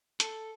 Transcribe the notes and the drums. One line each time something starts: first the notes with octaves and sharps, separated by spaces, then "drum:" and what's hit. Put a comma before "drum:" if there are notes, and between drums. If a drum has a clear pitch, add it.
A4, drum: hi-hat